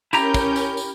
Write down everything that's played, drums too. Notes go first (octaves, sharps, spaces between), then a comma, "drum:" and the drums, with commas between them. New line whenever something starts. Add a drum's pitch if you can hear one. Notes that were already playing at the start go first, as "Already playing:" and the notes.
C#4 E4 G4 A#4 A#5 G6, drum: tambourine
drum: kick, tambourine
drum: tambourine
drum: tambourine